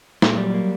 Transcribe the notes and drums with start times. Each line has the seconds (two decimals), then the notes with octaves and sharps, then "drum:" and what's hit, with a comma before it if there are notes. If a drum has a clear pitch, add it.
0.22 A#2 F#3, drum: snare
0.38 G3
0.54 A#3